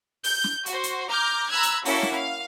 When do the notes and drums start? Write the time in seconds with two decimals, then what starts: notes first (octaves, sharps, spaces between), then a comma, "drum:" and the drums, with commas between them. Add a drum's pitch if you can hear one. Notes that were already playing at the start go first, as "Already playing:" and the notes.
0.24 G6, drum: open hi-hat
0.44 drum: snare
0.66 F#4 C5, drum: hi-hat
0.83 drum: hi-hat
1.09 A#5 D6 F6 G6
1.50 A#5 B5 E6 F#6 G#6
1.63 drum: hi-hat
1.85 A#3 C#4 E4 F#4 A4, drum: open hi-hat
2.02 drum: snare
2.16 F5